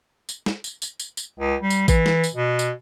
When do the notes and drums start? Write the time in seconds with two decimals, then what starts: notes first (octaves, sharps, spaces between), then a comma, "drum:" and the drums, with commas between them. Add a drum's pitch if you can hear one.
0.29 drum: tambourine
0.46 drum: snare
0.64 drum: tambourine
0.82 drum: tambourine
1.00 drum: tambourine
1.17 drum: tambourine
1.39 C#2
1.60 G3
1.70 drum: tambourine
1.88 E3, drum: kick, tambourine
2.06 drum: snare
2.24 drum: tambourine
2.34 B2
2.59 drum: tambourine